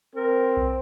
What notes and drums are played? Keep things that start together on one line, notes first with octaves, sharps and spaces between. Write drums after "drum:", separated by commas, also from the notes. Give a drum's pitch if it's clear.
C4 A#4
drum: kick B1